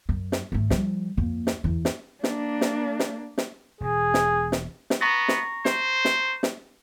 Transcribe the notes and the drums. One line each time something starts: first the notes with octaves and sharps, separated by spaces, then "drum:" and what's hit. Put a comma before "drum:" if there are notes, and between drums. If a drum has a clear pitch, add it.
F#2
drum: snare
G#1 A3
F3 G3, drum: snare
F2 A#3
drum: snare
E2
drum: snare
A#3 D4, drum: snare
drum: snare
drum: snare
drum: snare
E1 B2 G#4
drum: snare
drum: snare
drum: snare
B3 A#5 C#6 A#6
drum: snare
C5, drum: snare
drum: snare
drum: snare